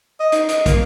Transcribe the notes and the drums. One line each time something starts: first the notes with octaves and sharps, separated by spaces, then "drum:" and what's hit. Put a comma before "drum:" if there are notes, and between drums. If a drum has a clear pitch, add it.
D#5
D#4, drum: hi-hat
D#5, drum: hi-hat
A#3, drum: kick, hi-hat